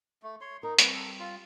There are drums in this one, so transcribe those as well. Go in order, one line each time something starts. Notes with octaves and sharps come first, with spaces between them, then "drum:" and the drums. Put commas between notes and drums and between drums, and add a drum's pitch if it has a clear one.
A3
C#5 C6
D#4 A#4
G3 C4 B4 F#5, drum: hi-hat
A4
F4